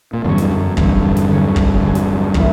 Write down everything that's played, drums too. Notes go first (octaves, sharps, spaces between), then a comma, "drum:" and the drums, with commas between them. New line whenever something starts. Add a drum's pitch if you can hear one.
A#2
E2 G2 D3 F#3 C#4 F#4
drum: snare
F#2
E2 G2 D3 F#3 C#4 F#4, drum: kick
drum: snare
D3 F#3 C#4 F#4
drum: kick
D3 F#3 C#4 F#4
drum: snare
E3 A#3 E4, drum: kick